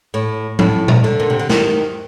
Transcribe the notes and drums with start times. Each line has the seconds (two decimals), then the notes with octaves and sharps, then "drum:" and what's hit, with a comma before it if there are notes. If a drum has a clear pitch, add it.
0.14 A2
0.59 A2, drum: tom F3
0.88 drum: tom A#2
1.04 D3
1.20 A#2
1.30 C3
1.39 D3
1.49 D#3, drum: snare